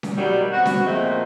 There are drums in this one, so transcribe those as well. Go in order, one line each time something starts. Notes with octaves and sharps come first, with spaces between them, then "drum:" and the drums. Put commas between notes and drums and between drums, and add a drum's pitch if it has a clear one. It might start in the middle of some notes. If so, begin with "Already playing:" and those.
drum: snare C#4
B2 D#3 F#3 G3
B3 C4 F#4
drum: snare C#4
A#2 F3 G#3 A3 C4